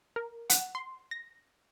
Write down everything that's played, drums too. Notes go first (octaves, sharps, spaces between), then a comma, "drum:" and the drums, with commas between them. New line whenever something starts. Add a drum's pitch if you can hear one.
A#4
F#5, drum: hi-hat
C6
A#6